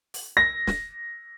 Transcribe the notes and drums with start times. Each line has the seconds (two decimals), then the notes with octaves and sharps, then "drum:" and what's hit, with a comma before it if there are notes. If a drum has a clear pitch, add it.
0.14 drum: open hi-hat
0.37 A#6
0.67 drum: snare